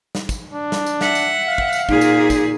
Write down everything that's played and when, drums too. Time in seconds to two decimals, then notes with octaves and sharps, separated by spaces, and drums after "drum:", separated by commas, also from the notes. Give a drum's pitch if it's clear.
0.15 drum: snare
0.29 drum: kick, tambourine
0.53 D4
0.72 drum: snare
0.86 drum: tambourine
1.01 E5 F#5, drum: snare
1.15 drum: tambourine
1.48 F5
1.58 drum: kick
1.73 drum: tambourine
1.89 A#2 D#4 G#4, drum: kick
2.01 drum: tambourine
2.30 drum: kick, tambourine